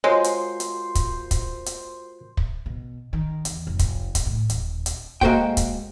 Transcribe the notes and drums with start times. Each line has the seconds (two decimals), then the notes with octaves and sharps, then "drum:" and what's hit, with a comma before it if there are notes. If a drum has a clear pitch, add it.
0.04 G#3 F4 F#4 A#4 C5 C#5 C6
0.24 drum: hi-hat
0.60 drum: hi-hat
0.95 drum: kick, hi-hat
1.31 drum: kick, hi-hat
1.66 drum: hi-hat
2.37 drum: kick
2.66 B2
3.13 D#3
3.45 E2, drum: hi-hat
3.67 F1
3.79 drum: kick, hi-hat
4.15 drum: kick, hi-hat
4.26 A2
4.50 D#1, drum: hi-hat
4.86 drum: hi-hat
5.21 G#3 A#3 F#4 A4 C5 G5, drum: kick
5.57 drum: kick, hi-hat